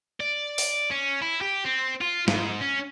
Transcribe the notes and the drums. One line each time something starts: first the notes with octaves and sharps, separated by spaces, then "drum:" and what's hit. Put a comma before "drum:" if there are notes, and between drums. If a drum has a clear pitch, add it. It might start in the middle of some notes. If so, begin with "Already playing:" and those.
D5
drum: open hi-hat
C#4
E4
G4
C4
F4
G#2, drum: snare
C#4